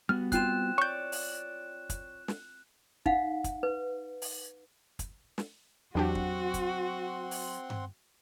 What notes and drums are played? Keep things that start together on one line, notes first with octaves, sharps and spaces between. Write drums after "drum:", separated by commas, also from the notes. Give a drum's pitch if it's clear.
G3 B3 F#4 F6
C4 F4 F#6 E7, drum: kick, hi-hat
C#5 D5 C#6 G6
drum: open hi-hat
drum: kick, hi-hat
drum: snare
D#4 F5 F#5, drum: kick
drum: kick, hi-hat
B4
drum: open hi-hat
drum: kick, hi-hat
drum: snare
E2 F#3 C4 D4 F#4 G4 F#5 C6
drum: kick
drum: kick, hi-hat
drum: open hi-hat
drum: tom G2